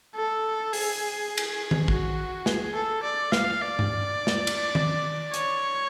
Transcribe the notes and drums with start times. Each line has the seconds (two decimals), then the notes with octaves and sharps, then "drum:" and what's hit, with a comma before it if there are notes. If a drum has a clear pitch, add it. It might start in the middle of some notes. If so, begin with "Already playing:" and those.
0.16 A4
0.73 G#4, drum: open hi-hat
1.37 drum: cymbal
1.71 drum: tom D#3
1.88 F#4, drum: kick A1
2.46 G#4, drum: snare
2.75 A4
3.03 D5
3.32 F5, drum: snare
3.61 D5
3.79 drum: tom G2
4.27 drum: snare
4.47 drum: cymbal
4.75 drum: tom D#3
5.34 C#5, drum: hi-hat